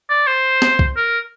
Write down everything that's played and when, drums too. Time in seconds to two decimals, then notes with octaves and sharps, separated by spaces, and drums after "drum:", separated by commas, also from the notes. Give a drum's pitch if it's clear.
0.09 D5
0.27 C5
0.62 drum: snare
0.79 drum: kick
0.96 A#4